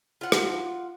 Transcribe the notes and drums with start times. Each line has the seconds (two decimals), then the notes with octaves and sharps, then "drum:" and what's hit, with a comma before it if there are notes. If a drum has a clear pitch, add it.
0.21 F4 F#5
0.32 drum: rim click